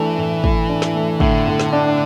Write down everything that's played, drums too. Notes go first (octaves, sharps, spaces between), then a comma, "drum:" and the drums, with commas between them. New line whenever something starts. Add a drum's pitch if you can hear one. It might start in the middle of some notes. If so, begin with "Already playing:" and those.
Already playing: E3 A3 D4
A2
A2, drum: kick
D4
drum: snare
A3
A2 D3, drum: kick
A2
drum: snare
D4